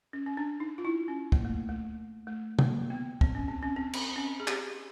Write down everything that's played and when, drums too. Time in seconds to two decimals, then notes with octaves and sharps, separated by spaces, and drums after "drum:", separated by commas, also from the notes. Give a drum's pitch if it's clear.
0.13 C#4
0.26 C#4
0.37 D4
0.60 D#4
0.78 F4
0.85 E4
1.08 C#4
1.32 A#3, drum: kick
1.45 A3
1.69 A3
2.27 A3
2.59 A#3, drum: tom
2.90 B3
3.21 C4, drum: kick
3.35 C#4
3.48 C4
3.63 C#4
3.76 C4
3.93 drum: cymbal
4.09 C4
4.16 C#4
4.40 G#4
4.48 G4, drum: clap
4.68 G4